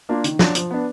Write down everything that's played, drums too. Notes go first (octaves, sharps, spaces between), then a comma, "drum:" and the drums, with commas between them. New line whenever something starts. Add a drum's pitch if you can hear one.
A#3 D4 F4
D#3, drum: hi-hat
F#3 D4 F4, drum: snare
F3, drum: hi-hat
B3 D4